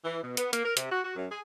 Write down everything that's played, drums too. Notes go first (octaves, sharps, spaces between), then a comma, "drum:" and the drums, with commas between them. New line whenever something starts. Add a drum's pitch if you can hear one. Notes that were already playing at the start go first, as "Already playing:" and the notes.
E3
B2
B3, drum: hi-hat
A#3, drum: hi-hat
A#4
C3, drum: hi-hat
F#4
F#4
F#2
G#4